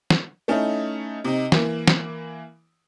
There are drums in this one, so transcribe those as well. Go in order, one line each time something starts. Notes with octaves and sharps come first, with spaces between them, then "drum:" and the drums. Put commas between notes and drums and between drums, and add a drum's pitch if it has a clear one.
drum: snare
A3 C#4 D#4 E4
C3 D#4
E3 A#3, drum: snare
drum: snare